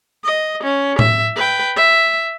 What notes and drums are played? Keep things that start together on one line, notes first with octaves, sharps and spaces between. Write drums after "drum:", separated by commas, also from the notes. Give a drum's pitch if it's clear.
D#5
C#4
E5, drum: tom A2
B4 G5
E5